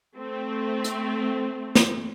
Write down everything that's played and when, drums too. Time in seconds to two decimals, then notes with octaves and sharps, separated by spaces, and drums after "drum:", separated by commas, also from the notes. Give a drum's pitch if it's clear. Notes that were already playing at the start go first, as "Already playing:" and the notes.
0.16 A3 C4
0.84 drum: hi-hat
1.75 drum: snare